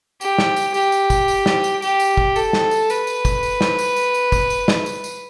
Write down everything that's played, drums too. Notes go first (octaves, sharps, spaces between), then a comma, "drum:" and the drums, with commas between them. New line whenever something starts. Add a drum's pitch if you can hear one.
G4, drum: tambourine
drum: snare
drum: tambourine
G4, drum: tambourine
drum: tambourine
drum: kick, tambourine
drum: tambourine
drum: snare
drum: tambourine
G4, drum: tambourine
drum: tambourine
drum: kick
A4, drum: tambourine
drum: snare
drum: tambourine
B4, drum: tambourine
drum: tambourine
drum: kick, tambourine
drum: tambourine
drum: snare
drum: tambourine
drum: tambourine
drum: tambourine
drum: kick, tambourine
drum: tambourine
drum: snare
drum: tambourine
drum: tambourine